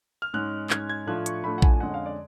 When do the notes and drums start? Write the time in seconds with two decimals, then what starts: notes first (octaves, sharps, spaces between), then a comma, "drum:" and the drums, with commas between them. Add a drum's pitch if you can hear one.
0.22 F6
0.34 G#2 G#3 C#4 F#6
0.70 G#2 G#3 C#4 G#6, drum: clap
0.89 G#6
1.07 A2 F3 A3 D4 F#6
1.26 C#6, drum: hi-hat
1.44 A2 F3 A3 D4 B5
1.58 F#5
1.62 G#5, drum: kick A#1
1.73 G#5
1.80 F2 D3 G#3 C#4 F#5
1.94 F5
2.06 D5